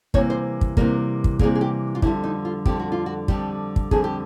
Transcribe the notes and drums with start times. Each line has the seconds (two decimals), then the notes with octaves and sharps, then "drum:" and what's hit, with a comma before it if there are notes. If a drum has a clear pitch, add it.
0.14 C3 E3 G3 A#3 C#5, drum: kick
0.30 C5
0.61 drum: kick
0.77 C3 E3 G3 A#3 A#4, drum: kick
1.24 drum: kick
1.39 C3 E3 G3 A#3 G#4, drum: kick
1.55 G#4
1.61 G4
1.95 F4
2.02 F2 D3 G3 E4, drum: kick
2.24 D#4
2.45 F4
2.65 F2 D3 G3 G4, drum: kick
2.79 F#4
2.92 F4
3.06 F#4
3.28 F2 D3 G3 G4, drum: kick
3.76 drum: kick
3.91 F2 D3 G3 G#4, drum: kick
4.04 G4